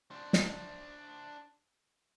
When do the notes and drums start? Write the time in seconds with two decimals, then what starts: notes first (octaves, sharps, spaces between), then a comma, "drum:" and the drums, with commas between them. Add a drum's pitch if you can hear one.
0.11 D4 C5
0.33 drum: snare